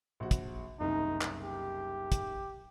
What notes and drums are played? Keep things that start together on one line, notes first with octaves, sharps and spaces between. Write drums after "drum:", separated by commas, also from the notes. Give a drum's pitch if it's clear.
A#1 F#4
drum: kick, hi-hat
F#1 C2 D#3 D#4
drum: clap
G4
drum: kick, hi-hat